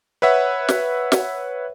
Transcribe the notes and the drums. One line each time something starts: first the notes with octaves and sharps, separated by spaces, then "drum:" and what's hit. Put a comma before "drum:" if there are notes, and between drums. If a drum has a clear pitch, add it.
B4 C#5 E5 F#5
drum: snare
drum: snare